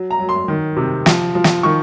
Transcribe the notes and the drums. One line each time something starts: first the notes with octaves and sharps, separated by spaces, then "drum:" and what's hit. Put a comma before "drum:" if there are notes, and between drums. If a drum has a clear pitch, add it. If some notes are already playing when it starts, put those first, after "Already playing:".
Already playing: F#3
A#5
F#3
C6
D#3
C3
F3, drum: snare
F3
drum: snare
D#3 C#6